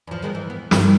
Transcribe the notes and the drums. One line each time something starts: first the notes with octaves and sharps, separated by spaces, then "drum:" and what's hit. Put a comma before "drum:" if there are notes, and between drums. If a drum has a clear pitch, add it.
E2 F3
D#3 G#3 B3
E3
B3
G2 D#3 G3, drum: snare